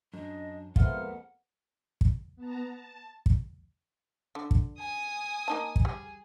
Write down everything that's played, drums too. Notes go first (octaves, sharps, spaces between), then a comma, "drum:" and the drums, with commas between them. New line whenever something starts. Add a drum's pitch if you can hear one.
F#2 D4 D#5
F2 G#3 A#3 B3 F4 E5 F#5 F6, drum: kick
drum: kick
B3 A5 A#5
A5
drum: kick
D3
drum: kick
G#5 D#6
A#3 D#4 A5
drum: kick
G3 G#4